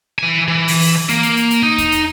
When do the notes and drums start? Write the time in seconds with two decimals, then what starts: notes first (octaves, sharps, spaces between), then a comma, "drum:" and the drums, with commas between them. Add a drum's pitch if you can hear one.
0.19 E3 G#5
0.48 E3
0.68 drum: open hi-hat
0.81 drum: open hi-hat
0.95 drum: rim click
1.09 A#3, drum: hi-hat
1.23 drum: hi-hat
1.37 drum: hi-hat
1.51 drum: hi-hat
1.62 D#4
1.78 drum: kick E2, hi-hat
1.92 drum: hi-hat